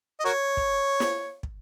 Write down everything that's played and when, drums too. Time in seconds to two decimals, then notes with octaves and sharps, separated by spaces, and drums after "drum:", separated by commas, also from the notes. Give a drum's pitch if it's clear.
0.19 D#5
0.25 F#4 A#4 C#5
0.57 drum: kick
1.00 drum: snare
1.43 drum: kick